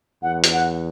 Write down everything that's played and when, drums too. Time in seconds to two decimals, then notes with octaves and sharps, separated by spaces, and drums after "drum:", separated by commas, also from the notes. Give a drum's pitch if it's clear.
0.22 E2 F#5
0.44 drum: hi-hat
0.53 F#5